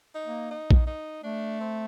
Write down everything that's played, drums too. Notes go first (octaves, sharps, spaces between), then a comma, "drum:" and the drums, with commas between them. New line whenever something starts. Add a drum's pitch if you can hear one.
D#4
A#3
D#4
drum: kick A#1
D#4
A3 D4
C4